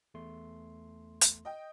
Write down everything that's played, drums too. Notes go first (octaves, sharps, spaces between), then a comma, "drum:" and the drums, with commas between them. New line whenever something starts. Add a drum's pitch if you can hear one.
E2 A3 C6
drum: hi-hat
D#5 G5